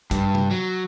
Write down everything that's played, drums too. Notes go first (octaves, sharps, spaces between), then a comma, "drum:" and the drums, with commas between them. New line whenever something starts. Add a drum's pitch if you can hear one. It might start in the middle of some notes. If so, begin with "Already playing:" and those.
G2, drum: kick, hi-hat
drum: tom C3
F#3